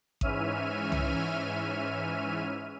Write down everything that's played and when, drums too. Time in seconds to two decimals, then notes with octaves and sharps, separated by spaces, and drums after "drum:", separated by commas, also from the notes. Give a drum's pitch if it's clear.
0.21 G#2 E3 C#4 E5 F6 D#7, drum: kick A1
0.92 drum: tom C2